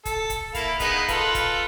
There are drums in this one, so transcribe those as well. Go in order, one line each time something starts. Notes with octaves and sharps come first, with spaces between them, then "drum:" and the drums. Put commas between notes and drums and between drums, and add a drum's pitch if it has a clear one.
A4, drum: kick, hi-hat
drum: kick, hi-hat
A#3 E4 F5, drum: kick, hi-hat
G#3 B3 D#4, drum: kick, hi-hat
F4 A4 B4, drum: kick, hi-hat
drum: kick, hi-hat